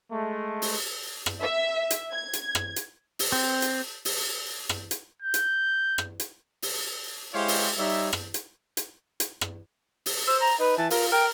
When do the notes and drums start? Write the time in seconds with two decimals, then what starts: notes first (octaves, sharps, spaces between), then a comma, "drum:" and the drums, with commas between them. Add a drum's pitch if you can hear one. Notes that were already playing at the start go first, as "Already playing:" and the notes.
0.11 G#3 A3
0.62 drum: open hi-hat
1.26 drum: rim click
1.42 E5
1.90 drum: hi-hat
2.12 G#6
2.33 drum: hi-hat
2.55 drum: rim click
2.76 drum: hi-hat
3.19 drum: open hi-hat
3.32 C4
3.62 drum: hi-hat
4.05 drum: open hi-hat
4.69 drum: rim click
4.91 drum: hi-hat
5.23 G6
5.34 drum: hi-hat
5.98 drum: rim click
6.20 drum: hi-hat
6.62 drum: open hi-hat
7.33 G#3 E4 G4 C5 C#5 F5
7.48 drum: open hi-hat
7.77 G3 D#4 C#5 E5
8.13 drum: rim click
8.34 drum: hi-hat
8.77 drum: hi-hat
9.20 drum: hi-hat
9.41 drum: rim click
10.06 drum: open hi-hat
10.27 C5 E6
10.40 A#5
10.59 D#4 B4
10.78 E3 A5
10.90 F4 A#4, drum: open hi-hat
11.12 A#4 G5